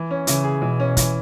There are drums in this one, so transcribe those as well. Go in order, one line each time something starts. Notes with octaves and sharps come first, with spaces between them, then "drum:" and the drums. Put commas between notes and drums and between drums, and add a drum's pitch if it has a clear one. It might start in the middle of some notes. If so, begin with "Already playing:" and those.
Already playing: E3
C#4
C#3 E3, drum: hi-hat
G#4
B2 E3
C#4
E3, drum: kick, hi-hat